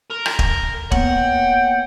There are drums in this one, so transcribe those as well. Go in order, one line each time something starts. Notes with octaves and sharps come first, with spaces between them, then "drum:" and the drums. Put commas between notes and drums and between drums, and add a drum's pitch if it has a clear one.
A#4
drum: rim click
drum: kick
A#3 B3 C#5 F#5 G5, drum: kick